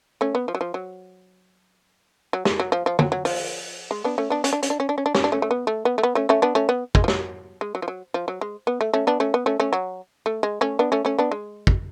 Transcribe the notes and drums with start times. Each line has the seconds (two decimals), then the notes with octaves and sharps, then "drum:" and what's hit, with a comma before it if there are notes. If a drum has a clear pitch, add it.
0.21 A3 C#4
0.35 B3
0.48 F3
0.55 F#3
0.61 F3
0.74 F#3
2.33 F#3
2.45 G#3, drum: snare
2.60 F#3
2.72 F3
2.86 F3
2.99 F#3, drum: tom
3.12 F#3
3.25 F3, drum: open hi-hat
3.91 G#3
4.04 B3 D4
4.18 A3 C#4
4.30 B3 D4
4.44 C#4, drum: hi-hat
4.53 D4
4.63 C#4, drum: hi-hat
4.70 D4
4.80 C#4
4.89 D4
4.98 C#4
5.06 D4
5.15 C#4, drum: snare
5.24 D4
5.32 A3 C#4
5.42 A3
5.51 B3
5.67 A3
5.85 B3
5.98 A3
6.03 B3
6.15 A3 C#4
6.29 A3 C#4
6.42 B3 D4
6.55 A3 C#4
6.69 B3
6.95 G#3, drum: kick
7.04 F3
7.08 F#3, drum: snare
7.61 G#3
7.75 F#3
7.82 F3
7.88 F#3
8.14 F3
8.28 F#3
8.41 G#3
8.67 B3
8.81 A3
8.94 A3 C#4
9.07 B3 D4
9.20 A3 C#4
9.34 B3
9.46 A3 C#4
9.60 A3 C#4
9.73 F#3
10.26 A3
10.43 G#3
10.61 A3 C#4
10.79 B3 D4
10.92 A3 C#4
11.05 A3 C#4
11.18 B3 D4
11.31 G#3
11.67 drum: kick